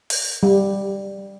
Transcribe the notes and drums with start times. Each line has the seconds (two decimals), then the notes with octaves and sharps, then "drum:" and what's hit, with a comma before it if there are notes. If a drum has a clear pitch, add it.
0.10 drum: open hi-hat
0.43 G3